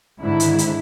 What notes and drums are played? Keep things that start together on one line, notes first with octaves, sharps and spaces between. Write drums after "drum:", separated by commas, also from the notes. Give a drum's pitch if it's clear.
G#2 D3 D#3 E4
drum: hi-hat
drum: hi-hat